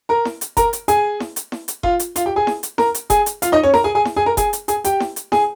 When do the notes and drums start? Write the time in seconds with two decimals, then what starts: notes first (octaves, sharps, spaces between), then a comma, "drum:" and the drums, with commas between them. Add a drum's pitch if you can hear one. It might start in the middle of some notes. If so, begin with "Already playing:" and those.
0.09 A#4 A#5
0.25 drum: snare E4
0.41 drum: hi-hat
0.57 A#4 A#5, drum: kick F#1, hi-hat
0.73 drum: hi-hat
0.88 G#4 G#5, drum: hi-hat
1.20 drum: snare E4
1.36 drum: hi-hat
1.52 drum: snare E4
1.68 drum: hi-hat
1.83 F4 F5, drum: kick F#1
2.00 drum: hi-hat
2.16 F4 F5, drum: hi-hat
2.26 G4 G5
2.36 G#4 G#5
2.47 drum: snare E4
2.63 drum: hi-hat
2.78 A#4 A#5, drum: snare E4
2.95 drum: hi-hat
3.10 G#4 G#5, drum: kick F#1, hi-hat
3.26 drum: hi-hat
3.42 F4 F5, drum: hi-hat
3.52 D#4 D#5
3.63 C#4 C#5
3.74 A#4 A#5, drum: snare E4
3.84 G#4 G#5
3.95 G#4 G#5
4.05 drum: snare E4
4.17 G#4 G#5
4.26 A#4 A#5
4.37 G#4 G#5, drum: kick F#1, hi-hat
4.53 drum: hi-hat
4.68 G#4 G#5, drum: hi-hat
4.84 G4 G5, drum: hi-hat
5.00 drum: snare E4
5.16 drum: hi-hat
5.32 G#4 G#5, drum: snare E4